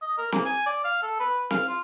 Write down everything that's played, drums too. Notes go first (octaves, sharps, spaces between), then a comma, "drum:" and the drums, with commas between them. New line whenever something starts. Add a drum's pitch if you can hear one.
D#5
A#4
A#3, drum: snare C4
G#5
D5
F5
A4
B4
F5, drum: snare C4
F4